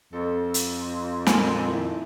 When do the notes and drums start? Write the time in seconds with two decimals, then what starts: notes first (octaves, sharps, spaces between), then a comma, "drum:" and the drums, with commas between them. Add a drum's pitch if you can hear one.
0.13 F2 A4
0.54 drum: hi-hat
1.27 A#2 G#5 A5, drum: snare
1.68 D#3 E4